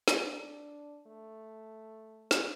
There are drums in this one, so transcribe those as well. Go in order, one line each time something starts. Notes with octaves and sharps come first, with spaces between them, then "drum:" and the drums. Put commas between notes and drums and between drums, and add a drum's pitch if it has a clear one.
drum: snare
D4
A3
drum: snare